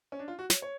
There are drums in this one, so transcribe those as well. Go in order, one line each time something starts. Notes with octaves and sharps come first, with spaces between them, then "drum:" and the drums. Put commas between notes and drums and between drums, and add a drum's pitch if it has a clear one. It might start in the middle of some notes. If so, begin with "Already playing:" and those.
C#4
D4
F4
F#4
C#5, drum: snare
C#5